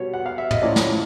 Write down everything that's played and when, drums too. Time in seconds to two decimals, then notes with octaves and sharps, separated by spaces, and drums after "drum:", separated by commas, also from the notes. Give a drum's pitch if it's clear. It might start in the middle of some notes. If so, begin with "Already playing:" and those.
Already playing: B2 G3 B3 C#5
0.14 F#5
0.26 F5
0.38 E5
0.51 D#5, drum: tom
0.62 A2 F3 A#3 C#4 E4 D5
0.76 drum: snare